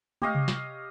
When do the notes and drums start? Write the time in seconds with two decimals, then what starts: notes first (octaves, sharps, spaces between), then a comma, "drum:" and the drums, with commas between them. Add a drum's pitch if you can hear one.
0.22 G4 C#5 D#5 F5, drum: tom
0.35 drum: tom C3
0.48 drum: snare